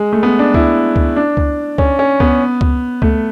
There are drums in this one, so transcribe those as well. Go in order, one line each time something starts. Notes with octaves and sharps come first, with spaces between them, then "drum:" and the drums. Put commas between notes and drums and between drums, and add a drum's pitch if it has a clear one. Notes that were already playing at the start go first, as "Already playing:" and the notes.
Already playing: G#3
A3
B3
D4
E4, drum: kick C#2
drum: kick C#2
D4
drum: kick C#2
C#4, drum: kick C#2
C#4
B3, drum: kick C#2
drum: kick C#2
A3, drum: kick C#2